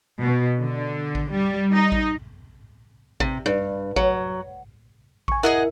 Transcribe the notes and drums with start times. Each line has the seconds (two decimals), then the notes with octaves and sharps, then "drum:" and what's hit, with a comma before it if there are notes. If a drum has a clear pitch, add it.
0.21 B2
0.60 D3
1.15 drum: kick A1
1.31 G3
1.74 D#4
1.92 drum: kick A1
3.20 C3, drum: kick A1
3.46 G2
3.96 F#3, drum: kick A1
5.28 G#5 C#6, drum: kick A1
5.43 E4 G#4 A#4 D#5 E5 F#5